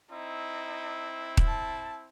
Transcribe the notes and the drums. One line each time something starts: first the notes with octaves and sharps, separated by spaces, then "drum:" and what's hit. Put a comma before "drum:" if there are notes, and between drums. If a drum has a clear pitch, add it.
C4 D#4 E4
drum: kick D#1
A5